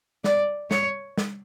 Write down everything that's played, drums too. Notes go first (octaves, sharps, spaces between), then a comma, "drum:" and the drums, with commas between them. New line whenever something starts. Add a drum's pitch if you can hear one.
D5, drum: snare
C#5, drum: snare
drum: snare